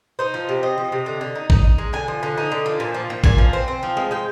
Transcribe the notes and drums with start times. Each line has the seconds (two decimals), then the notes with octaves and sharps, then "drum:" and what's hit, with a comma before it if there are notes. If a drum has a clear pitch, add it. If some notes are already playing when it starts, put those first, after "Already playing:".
0.19 D#4 C5
0.34 F3
0.49 C3
0.63 C4 D#5
0.78 F3
0.92 C3
1.06 D3
1.21 D3
1.35 D#4
1.50 D#4, drum: kick A1
1.64 D#4
1.78 G#3
1.93 D3 G#5
2.08 F3
2.23 D3
2.38 D#4
2.52 D3
2.66 F3
2.80 A#2
2.94 F3
3.10 A#2
3.24 A#2 G#5, drum: kick A1
3.38 F3
3.53 C4
3.68 C4
3.83 F3
3.97 G#3
4.11 G#3 G5